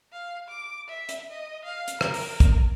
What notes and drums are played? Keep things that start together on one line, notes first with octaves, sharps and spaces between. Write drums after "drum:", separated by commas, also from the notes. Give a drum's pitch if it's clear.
F5
D6
E5
drum: hi-hat
D#5
F5
drum: hi-hat
A#4, drum: rim click
drum: open hi-hat
drum: kick, hi-hat